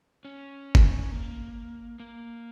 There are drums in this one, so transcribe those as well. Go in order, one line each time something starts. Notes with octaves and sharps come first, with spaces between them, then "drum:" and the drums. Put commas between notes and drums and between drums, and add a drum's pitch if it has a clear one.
C#4
drum: kick G1
A#3
A#3